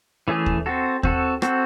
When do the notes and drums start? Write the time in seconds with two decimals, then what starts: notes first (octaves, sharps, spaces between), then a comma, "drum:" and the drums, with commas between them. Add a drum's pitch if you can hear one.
0.28 E3 A3 C#4 G#4
0.46 drum: kick D#2
0.66 C4 F#4 A4
1.03 C4 F#4 A4, drum: kick D#2
1.42 C4 F#4 A4, drum: rim click